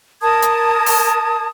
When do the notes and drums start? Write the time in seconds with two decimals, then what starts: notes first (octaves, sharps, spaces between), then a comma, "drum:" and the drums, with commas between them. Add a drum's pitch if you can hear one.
0.21 A#4 A5 D#6 G#6
0.42 drum: hi-hat
0.86 drum: open hi-hat